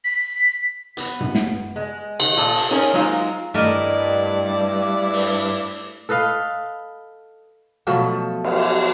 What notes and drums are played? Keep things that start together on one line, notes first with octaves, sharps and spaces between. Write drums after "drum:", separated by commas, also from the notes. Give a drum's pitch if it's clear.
B6
B3, drum: hi-hat
drum: tom G2
drum: snare
G#3
D#3, drum: cymbal
A#2 F4 G#4 A4 A5
drum: open hi-hat
C#4 D#4 G#4 A#4 C#5 G#5
F#3 G#3 A#3 D#4 F4 C5
G2 A3 E4 A#4 D5 D#5
drum: open hi-hat
A4 B4 D#5 F5
B2 F3 F#3 A3
drum: cymbal